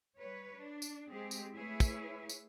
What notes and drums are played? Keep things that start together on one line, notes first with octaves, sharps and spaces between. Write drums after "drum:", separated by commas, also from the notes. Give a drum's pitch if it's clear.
G3 B4 C#5
D4
drum: tambourine
G#3 C4 G4 G#4
drum: tambourine
A3 E4 G#4 B4 C#5 E5
drum: kick, tambourine
drum: tambourine